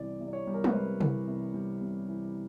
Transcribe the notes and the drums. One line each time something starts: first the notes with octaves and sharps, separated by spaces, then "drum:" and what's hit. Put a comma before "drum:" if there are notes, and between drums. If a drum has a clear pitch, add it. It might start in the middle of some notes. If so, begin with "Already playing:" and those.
Already playing: C2 C3 E3 G3 D5
C3
D5
C#5
G3
A#4
B4, drum: tom G#3
C2 C5
E3, drum: tom C3
C3
G3
C2
E3